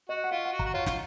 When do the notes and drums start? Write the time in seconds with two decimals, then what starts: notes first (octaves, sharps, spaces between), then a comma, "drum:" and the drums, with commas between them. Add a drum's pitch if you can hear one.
0.09 F#4 D#5
0.24 F#5
0.31 F4 F5
0.45 F#5
0.52 F#4
0.59 A#5, drum: kick
0.66 F#4
0.74 F4 C#5
0.86 F4, drum: snare